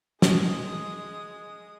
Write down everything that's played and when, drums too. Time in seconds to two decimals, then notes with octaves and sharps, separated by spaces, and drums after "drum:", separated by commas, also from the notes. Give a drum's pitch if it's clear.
0.22 G#3 D#6, drum: snare